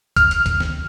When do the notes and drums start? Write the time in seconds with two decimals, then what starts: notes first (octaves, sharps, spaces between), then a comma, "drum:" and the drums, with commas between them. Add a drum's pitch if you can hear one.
0.16 F6, drum: kick, hi-hat
0.31 drum: hi-hat
0.46 drum: kick, hi-hat
0.60 drum: snare